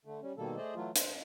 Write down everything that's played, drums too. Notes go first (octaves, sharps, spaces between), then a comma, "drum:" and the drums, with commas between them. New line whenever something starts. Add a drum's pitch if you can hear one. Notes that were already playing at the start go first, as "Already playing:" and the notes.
D3 A3
G3 C#4
B2 D#3 G3 A#3 A4
A3 G#4 C5 D5 D#5
E3 F#3 A3 F4
C5, drum: hi-hat